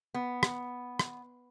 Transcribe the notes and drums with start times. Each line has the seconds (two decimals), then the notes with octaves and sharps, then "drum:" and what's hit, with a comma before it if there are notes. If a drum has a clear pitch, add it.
0.14 B3
0.43 drum: rim click
0.99 drum: rim click